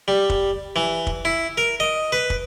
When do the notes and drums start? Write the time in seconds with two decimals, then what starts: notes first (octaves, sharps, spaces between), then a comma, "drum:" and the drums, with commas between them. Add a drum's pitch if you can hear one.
0.08 G3
0.30 drum: kick
0.76 E3
1.07 drum: kick
1.25 E4
1.58 A#4
1.80 D#5
2.12 B4
2.30 drum: kick